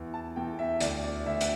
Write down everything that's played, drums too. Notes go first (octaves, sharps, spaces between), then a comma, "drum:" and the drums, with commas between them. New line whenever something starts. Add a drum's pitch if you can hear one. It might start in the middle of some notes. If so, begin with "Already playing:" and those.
Already playing: E2
A5
E2 G5
E5
D2 D5, drum: hi-hat
D5
D2 E5
drum: hi-hat